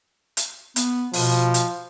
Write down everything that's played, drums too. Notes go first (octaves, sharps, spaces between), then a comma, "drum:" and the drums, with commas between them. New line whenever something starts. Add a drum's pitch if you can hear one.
drum: hi-hat
B3, drum: hi-hat
B2 F3, drum: open hi-hat
drum: hi-hat